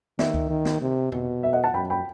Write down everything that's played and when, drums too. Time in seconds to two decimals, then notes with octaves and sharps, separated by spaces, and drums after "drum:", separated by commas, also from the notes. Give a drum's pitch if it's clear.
0.19 D#3 E5, drum: snare
0.34 drum: kick C#2
0.50 D#3
0.65 drum: snare
0.81 C3
1.12 B2, drum: tom E2
1.43 E5
1.53 D#5 F#5
1.64 F#5 A5
1.74 F#2 G5 B5
1.90 G5 B5